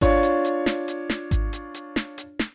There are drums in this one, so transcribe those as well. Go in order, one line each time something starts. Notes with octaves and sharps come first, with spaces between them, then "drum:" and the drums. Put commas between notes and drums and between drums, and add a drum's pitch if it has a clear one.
D4 F4 C#5 C#6, drum: kick G#1, hi-hat
drum: hi-hat
drum: hi-hat
drum: snare
drum: hi-hat
drum: snare
drum: kick G#1, hi-hat
drum: hi-hat
drum: hi-hat
drum: snare
drum: hi-hat
drum: snare